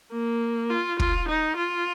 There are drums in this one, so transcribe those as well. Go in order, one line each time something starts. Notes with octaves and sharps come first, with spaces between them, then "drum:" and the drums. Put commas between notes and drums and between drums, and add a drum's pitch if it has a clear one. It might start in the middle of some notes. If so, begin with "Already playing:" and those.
A#3
F4
F4, drum: kick
D#4
F4